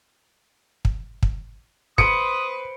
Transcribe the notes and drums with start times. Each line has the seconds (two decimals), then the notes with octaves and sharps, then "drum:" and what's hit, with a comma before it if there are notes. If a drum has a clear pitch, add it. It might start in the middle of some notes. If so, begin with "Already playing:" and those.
0.85 drum: kick
1.23 drum: kick
1.98 B4 C5 C6 D#6 C#7 D7, drum: kick